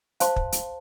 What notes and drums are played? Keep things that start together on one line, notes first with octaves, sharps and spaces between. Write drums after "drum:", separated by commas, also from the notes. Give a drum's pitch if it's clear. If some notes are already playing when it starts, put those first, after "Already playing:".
C5 F5 A5 C6, drum: hi-hat
drum: kick
drum: hi-hat